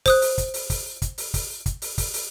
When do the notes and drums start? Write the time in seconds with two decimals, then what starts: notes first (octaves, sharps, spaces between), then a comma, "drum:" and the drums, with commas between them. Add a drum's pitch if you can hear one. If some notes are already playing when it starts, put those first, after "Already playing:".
0.06 C5 D#6 F#6, drum: kick, open hi-hat
0.22 drum: open hi-hat
0.38 drum: kick, hi-hat
0.54 drum: open hi-hat
0.70 drum: kick, open hi-hat
1.02 drum: kick, hi-hat
1.18 drum: open hi-hat
1.34 drum: kick, open hi-hat
1.66 drum: kick, hi-hat
1.82 drum: open hi-hat
1.98 drum: kick, open hi-hat
2.14 drum: open hi-hat